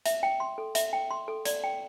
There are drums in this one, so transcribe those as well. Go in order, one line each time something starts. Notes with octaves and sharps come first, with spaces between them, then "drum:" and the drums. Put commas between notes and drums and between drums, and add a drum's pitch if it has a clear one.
E5, drum: hi-hat
G5
C6
A4
E5, drum: hi-hat
G5
C6
A4
D5, drum: hi-hat
G5